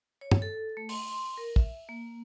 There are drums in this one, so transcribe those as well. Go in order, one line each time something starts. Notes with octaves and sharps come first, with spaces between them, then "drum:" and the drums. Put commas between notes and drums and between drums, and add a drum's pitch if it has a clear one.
C#5
drum: tom
A4
A3
C6, drum: open hi-hat
C6
A#4
E5, drum: kick
A#3